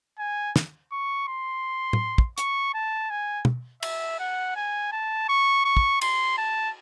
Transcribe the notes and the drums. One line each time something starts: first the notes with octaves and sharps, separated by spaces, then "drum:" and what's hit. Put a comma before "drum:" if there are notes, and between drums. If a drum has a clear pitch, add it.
G#5
drum: snare
C#6
C6
drum: tom
drum: kick
C#6, drum: hi-hat
A5
G#5
drum: tom
E5, drum: cymbal
F#5
G#5
A5
C#6
C#6
drum: kick
C6, drum: cymbal
A5